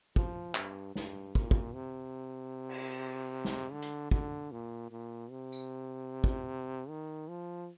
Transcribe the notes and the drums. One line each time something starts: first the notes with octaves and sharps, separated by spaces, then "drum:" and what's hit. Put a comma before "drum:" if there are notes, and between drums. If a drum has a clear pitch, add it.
F3, drum: kick
G2, drum: clap
G2, drum: snare
A#2, drum: kick
drum: kick
C3
drum: cymbal
drum: snare
D3
drum: hi-hat
D3, drum: kick
A#2
A#2
C3
drum: tambourine
drum: kick
D#3
F3